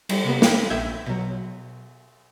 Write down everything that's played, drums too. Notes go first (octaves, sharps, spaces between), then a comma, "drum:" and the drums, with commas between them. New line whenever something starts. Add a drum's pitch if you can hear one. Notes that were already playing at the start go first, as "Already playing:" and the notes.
G3, drum: cymbal
C3 A#3 B3
A#3 G5, drum: snare
A#1 E5 G6 G#6
B2 F#3